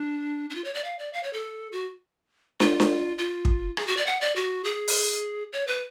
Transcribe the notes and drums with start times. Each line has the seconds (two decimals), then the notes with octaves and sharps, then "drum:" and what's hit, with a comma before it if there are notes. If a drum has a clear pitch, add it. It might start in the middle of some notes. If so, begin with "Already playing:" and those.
Already playing: D4
0.50 D4
0.55 F4
0.64 C#5
0.74 D5
0.84 F5
0.99 D5
1.13 F5
1.23 C#5
1.33 A4
1.72 F#4
2.60 F4, drum: snare
2.80 drum: snare
3.18 F4
3.45 drum: kick
3.77 G#4, drum: rim click
3.87 F#4
3.97 D5
4.07 F#5
4.21 D5
4.36 F#4
4.64 G#4
4.88 drum: open hi-hat
5.53 C#5
5.67 B4